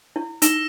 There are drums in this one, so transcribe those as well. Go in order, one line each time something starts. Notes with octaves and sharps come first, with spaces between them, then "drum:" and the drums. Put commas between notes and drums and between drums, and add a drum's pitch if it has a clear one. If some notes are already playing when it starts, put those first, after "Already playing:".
E4
D#4 E6 A#6 E7, drum: hi-hat